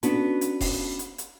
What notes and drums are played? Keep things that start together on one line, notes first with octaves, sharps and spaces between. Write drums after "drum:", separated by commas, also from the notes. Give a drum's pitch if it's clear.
B3 C#4 D4 F#4 A4, drum: hi-hat
drum: hi-hat
drum: kick E1, open hi-hat
drum: hi-hat
drum: hi-hat